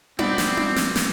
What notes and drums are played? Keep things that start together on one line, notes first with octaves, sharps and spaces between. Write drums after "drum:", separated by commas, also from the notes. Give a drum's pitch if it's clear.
B3 C4 D5, drum: tom D4
drum: snare
drum: tom D4
drum: snare
drum: snare